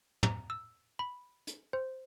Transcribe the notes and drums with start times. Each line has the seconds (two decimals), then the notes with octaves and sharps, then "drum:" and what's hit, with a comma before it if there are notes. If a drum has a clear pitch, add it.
0.23 A#5, drum: tom
0.50 E6
0.99 B5
1.47 drum: hi-hat
1.73 C5